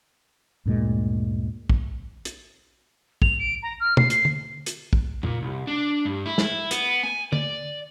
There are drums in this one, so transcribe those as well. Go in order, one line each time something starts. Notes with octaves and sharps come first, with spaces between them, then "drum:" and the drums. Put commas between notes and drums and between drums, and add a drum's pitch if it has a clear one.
D2 G2 A#2 G#3
drum: kick
drum: hi-hat
F7, drum: kick
D7
A#5
F6
C7, drum: tom
C7, drum: hi-hat
drum: tom D3
drum: hi-hat
drum: kick
A#2, drum: tom F2
C2
D4
G2
E4
drum: snare
B3, drum: hi-hat
G#5
D5, drum: tom D3